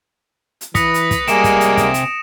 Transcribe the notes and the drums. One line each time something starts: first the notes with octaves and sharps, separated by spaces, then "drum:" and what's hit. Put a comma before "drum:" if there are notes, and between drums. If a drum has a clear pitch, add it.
drum: hi-hat
E3 B4 D#6 A#6 C#7, drum: kick, hi-hat
drum: hi-hat
drum: kick, hi-hat
C3 G3 G#3 A#3 G#5 D7 E7, drum: hi-hat
drum: kick, hi-hat
drum: hi-hat
drum: kick, hi-hat
drum: hi-hat